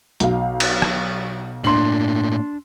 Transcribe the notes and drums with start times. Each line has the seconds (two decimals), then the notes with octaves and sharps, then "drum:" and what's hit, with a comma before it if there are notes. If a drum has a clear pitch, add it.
0.20 B1 F5, drum: hi-hat
0.60 drum: cymbal
0.82 drum: rim click
1.64 A2 A#3 D4 C6 F#7